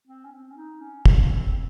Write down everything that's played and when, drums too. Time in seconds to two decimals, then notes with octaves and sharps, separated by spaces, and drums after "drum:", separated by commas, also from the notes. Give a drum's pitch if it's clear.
0.07 C4
0.25 C#4
0.31 C4
0.51 C#4
0.56 D#4
0.81 C#4
1.06 A#3, drum: kick
1.30 C4
1.54 C4